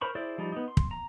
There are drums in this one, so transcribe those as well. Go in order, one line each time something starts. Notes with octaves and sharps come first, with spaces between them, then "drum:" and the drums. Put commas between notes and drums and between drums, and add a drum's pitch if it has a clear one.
A#4 C5 B5 C#6
E4 G#4 C5 D5
F3 G3 D#4
B3 D#4
C6
drum: kick
A#5